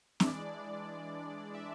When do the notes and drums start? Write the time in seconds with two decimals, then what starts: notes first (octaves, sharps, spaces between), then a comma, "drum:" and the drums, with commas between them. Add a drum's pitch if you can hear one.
0.20 E3 G#3 D4 E5, drum: snare C4
0.27 D5
0.41 D5
1.55 E5